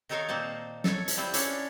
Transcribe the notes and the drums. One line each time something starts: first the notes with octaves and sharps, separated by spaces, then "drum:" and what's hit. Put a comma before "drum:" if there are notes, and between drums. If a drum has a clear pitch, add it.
D#3 D#4 A4 A#4 C#5 F5
A#2 A#3 C4 A5
A4 C#5, drum: snare
drum: hi-hat
G3 C4 E4 F4
C#4 D4 A4 C#5, drum: hi-hat